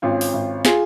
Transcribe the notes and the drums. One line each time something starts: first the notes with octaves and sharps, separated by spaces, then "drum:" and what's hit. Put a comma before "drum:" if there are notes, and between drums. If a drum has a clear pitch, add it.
G#1 C#4 F4
drum: open hi-hat
G#1
F4 G#4, drum: snare